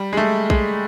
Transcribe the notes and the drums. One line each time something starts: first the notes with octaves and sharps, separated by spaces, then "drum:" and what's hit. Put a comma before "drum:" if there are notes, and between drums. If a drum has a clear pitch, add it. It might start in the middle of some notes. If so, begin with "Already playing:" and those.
Already playing: G3
G#3
A3
G#3, drum: kick A#1